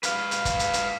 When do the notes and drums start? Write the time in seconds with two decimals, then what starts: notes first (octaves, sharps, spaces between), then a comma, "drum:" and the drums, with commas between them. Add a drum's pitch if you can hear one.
0.03 B4 F5, drum: hi-hat
0.31 drum: hi-hat
0.45 drum: kick, hi-hat
0.59 drum: hi-hat
0.73 drum: hi-hat